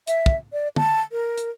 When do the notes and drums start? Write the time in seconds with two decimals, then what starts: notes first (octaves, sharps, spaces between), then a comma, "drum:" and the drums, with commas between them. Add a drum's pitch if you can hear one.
0.07 E5, drum: hi-hat
0.26 drum: kick
0.53 D5
0.76 A5, drum: tom
1.12 A#4
1.37 drum: hi-hat